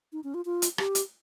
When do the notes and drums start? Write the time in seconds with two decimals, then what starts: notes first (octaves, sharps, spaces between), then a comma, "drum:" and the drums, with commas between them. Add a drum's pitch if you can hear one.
0.13 D#4
0.24 C#4
0.34 F4
0.45 F4
0.62 drum: hi-hat
0.78 G4, drum: rim click
0.95 drum: hi-hat